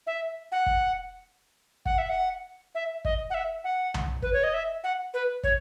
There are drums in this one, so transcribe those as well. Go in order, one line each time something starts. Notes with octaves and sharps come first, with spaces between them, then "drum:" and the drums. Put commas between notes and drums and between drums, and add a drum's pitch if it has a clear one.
E5
F#5
drum: kick
F#5, drum: kick
E5
F#5
E5
D#5, drum: kick
F#5
E5
F#5
drum: tom C2
B4, drum: kick
C#5
D#5
E5
F#5
B4
C#5, drum: kick